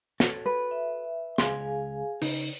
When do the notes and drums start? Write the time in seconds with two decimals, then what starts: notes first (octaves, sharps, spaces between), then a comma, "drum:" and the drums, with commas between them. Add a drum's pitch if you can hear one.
0.20 F#4 A4 C#5, drum: snare
0.46 B4
0.71 E5
1.38 C#2 G#4 F5 G#5 C6, drum: snare
2.22 C#3 D#4, drum: open hi-hat